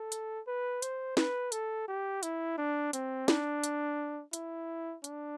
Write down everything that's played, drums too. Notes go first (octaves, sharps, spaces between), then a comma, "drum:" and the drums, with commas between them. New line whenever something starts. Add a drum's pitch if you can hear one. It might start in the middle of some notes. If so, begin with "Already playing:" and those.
Already playing: A4
drum: hi-hat
B4
C5, drum: hi-hat
B4, drum: snare
A4, drum: hi-hat
G4
E4, drum: hi-hat
D4
C4, drum: hi-hat
D4, drum: snare
drum: hi-hat
E4, drum: hi-hat
D4, drum: hi-hat